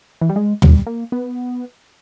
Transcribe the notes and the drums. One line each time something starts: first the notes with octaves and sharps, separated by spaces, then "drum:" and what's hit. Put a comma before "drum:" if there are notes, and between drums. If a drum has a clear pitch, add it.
E3
G3
G#3
G3, drum: tom
A#3
B3